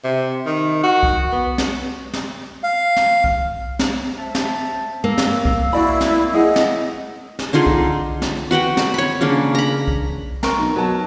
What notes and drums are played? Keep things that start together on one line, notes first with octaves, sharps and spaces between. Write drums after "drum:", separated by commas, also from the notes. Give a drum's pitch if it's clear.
C3
D#3
F#4
drum: kick B1
B3
drum: snare
drum: snare
F5
drum: snare
drum: kick B1
drum: snare
C5 E5 A5
drum: snare
A#3 F5 E6
drum: snare
drum: kick B1
E4 F#4 D5 B5
drum: snare
E4 G#4 D#5 F#5
drum: snare
drum: snare
D3 D#4 F4 G#4
drum: kick B1
drum: snare
F#4 B4 F#5 G5
drum: snare
C#5 B5
C#3 A#3 D4 G#4
A#5 B5
drum: kick B1
A#4 C#6, drum: snare
B1
B2 F#3 A5